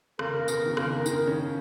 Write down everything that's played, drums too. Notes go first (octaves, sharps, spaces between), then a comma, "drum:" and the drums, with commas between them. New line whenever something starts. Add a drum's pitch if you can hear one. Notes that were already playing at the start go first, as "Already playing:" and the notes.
C#3 A#4, drum: rim click
C#3
B2, drum: tambourine
D#3
C#3, drum: rim click
D#3, drum: tambourine
C#4